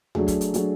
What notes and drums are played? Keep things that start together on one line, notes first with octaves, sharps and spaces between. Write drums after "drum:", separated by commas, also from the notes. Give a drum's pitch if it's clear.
F#3 A3 D4 G#4, drum: tom D#2
drum: kick, hi-hat
drum: hi-hat
F#3 A3 D4 G#4, drum: hi-hat